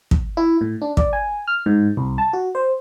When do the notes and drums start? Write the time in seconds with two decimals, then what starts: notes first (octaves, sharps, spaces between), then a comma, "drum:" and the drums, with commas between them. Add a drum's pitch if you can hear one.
0.11 drum: kick
0.37 E4
0.61 A2
0.81 D4
0.97 D5, drum: kick
1.13 G#5
1.48 F6
1.66 G#2
1.97 C2
2.18 A5
2.33 F#4
2.55 C5